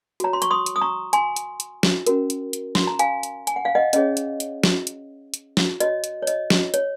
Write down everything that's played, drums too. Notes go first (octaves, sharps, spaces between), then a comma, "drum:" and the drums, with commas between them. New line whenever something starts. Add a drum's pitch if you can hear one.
F#4 C#5 A#5, drum: hi-hat
C6
C#6, drum: hi-hat
C6 D#6
drum: hi-hat
D#6
A#5 C#6
G#5 C6, drum: hi-hat
drum: hi-hat
drum: hi-hat
drum: snare
C#4 F#4 A#4, drum: hi-hat
drum: hi-hat
drum: hi-hat
C6, drum: snare
A#5
F5 G#5, drum: hi-hat
drum: hi-hat
G#5, drum: hi-hat
F#5
F5
D#5 F#5
C#4 G#4 C#5 D#5, drum: hi-hat
drum: hi-hat
drum: hi-hat
drum: snare
drum: hi-hat
drum: hi-hat
drum: snare
F#4 C#5 D#5, drum: hi-hat
drum: hi-hat
C#5
D#5, drum: hi-hat
drum: snare
C#5, drum: hi-hat